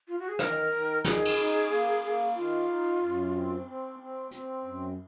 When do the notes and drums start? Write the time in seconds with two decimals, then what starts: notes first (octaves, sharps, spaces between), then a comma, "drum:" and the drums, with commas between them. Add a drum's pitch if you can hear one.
0.08 F4
0.19 F#4
0.28 G#4
0.39 D#3 A#4, drum: rim click
0.72 D#3
1.04 D#3 G#4, drum: snare
1.25 drum: cymbal
1.38 D#4
1.70 A#3
2.03 A#3
2.35 D#3 F4
2.68 D#4
3.01 F#2
3.34 C4
3.66 C4
3.99 C4
4.31 C4, drum: hi-hat
4.64 F#2